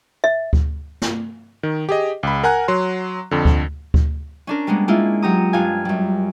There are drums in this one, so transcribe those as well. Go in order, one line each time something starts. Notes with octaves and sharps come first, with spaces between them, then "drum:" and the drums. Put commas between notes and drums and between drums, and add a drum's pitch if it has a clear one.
E5
drum: kick D2
drum: snare
D#3
G4 G#4 D#5
C#2 B5
A#4 F#5 G#5 A#5 F#6
F#3 C6
F2 D3
drum: kick D2
drum: kick D2
C#4 D4 A#4
G3 G#3 A#3 B3
G#3 A#3 E4 F4
F#3 G4 A#5 D#6
G2 G3 F4 F5 G#5
F#2 G3